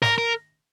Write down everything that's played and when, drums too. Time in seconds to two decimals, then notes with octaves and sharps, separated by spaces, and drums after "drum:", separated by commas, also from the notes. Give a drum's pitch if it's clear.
0.02 A#4, drum: snare
0.18 A#4